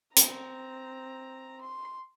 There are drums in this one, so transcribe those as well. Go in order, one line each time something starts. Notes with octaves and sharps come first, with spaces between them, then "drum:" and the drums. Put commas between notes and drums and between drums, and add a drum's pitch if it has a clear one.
C4 A#5, drum: hi-hat
C6